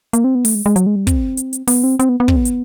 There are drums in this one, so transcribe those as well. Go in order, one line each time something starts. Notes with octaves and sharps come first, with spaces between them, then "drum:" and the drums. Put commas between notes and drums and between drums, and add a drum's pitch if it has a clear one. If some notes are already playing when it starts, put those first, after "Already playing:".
A#3, drum: hi-hat
C4
B3
A3, drum: open hi-hat
G#3
G#3
F#3, drum: hi-hat
G#3
G3
C4, drum: kick, hi-hat
drum: hi-hat
drum: hi-hat
B3, drum: open hi-hat
C4
C4, drum: hi-hat
B3
B3
C4, drum: kick
B3
drum: hi-hat